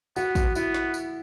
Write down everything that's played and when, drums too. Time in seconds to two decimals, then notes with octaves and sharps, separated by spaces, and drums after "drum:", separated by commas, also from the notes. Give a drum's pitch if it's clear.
0.16 B3 F#4, drum: tambourine
0.35 F#4, drum: kick A1, tambourine
0.55 B3 E4, drum: tambourine
0.74 drum: snare
0.94 drum: tambourine